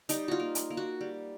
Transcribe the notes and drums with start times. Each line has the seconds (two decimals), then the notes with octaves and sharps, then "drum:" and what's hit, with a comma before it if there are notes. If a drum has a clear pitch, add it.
0.09 G3 D#4, drum: hi-hat
0.28 F4 F#4
0.40 A#3
0.55 drum: hi-hat
0.70 A#3
0.77 F#4
1.01 G3